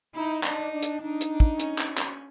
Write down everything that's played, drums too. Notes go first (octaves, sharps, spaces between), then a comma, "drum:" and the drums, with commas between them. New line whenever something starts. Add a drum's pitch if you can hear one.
D#4 E4
D4 D#4, drum: clap
D4
drum: hi-hat
D4 D#4
drum: hi-hat
D4
drum: kick
C#4, drum: hi-hat
drum: clap
drum: clap